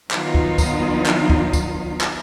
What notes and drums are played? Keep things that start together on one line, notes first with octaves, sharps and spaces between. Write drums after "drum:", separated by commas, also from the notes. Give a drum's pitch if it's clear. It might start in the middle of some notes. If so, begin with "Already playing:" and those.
D#3 F#3 B3 D#4 F4, drum: clap
drum: kick
drum: kick, tambourine
drum: clap
drum: kick
drum: kick, tambourine
drum: clap